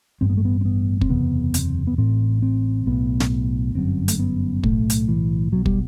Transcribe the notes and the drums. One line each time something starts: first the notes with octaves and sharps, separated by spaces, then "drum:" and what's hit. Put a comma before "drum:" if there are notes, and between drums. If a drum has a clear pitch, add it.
A1 G2 C4
B3
A3
B3
C4
B3
C4, drum: kick
F#1 E2 C3 B3
C4, drum: hi-hat
B3
A1 A2 C4
C4
B1 A2 B3
drum: snare
G1 F#2 C4
A3, drum: hi-hat
B3
B1 A2 A3, drum: kick
drum: hi-hat
E3
B1 B2 F#3
G3, drum: kick